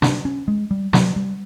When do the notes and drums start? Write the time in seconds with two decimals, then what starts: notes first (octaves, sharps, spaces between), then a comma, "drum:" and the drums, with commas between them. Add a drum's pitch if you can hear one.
0.02 D4, drum: snare
0.25 C#4
0.48 G#3
0.71 G3
0.93 F#3, drum: snare
1.16 G3